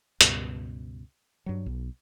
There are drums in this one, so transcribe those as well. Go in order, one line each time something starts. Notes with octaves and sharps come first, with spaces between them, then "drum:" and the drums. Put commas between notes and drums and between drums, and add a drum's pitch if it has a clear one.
C#2 G2 B2, drum: hi-hat
G2 F#3
B1